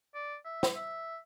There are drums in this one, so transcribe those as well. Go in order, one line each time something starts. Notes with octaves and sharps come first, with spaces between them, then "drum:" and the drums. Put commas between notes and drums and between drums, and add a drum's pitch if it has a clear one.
D5
E5
drum: snare
E5